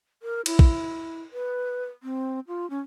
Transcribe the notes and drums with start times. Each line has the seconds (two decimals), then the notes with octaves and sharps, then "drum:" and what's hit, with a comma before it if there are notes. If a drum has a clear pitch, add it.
0.23 A#4
0.46 E4, drum: cymbal
0.59 drum: kick A#1
1.33 B4
2.03 C4
2.48 F4
2.70 C#4